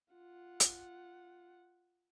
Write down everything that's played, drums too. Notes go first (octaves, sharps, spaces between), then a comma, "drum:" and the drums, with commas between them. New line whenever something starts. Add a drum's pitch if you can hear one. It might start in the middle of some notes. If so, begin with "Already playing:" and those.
F4 F#5
drum: hi-hat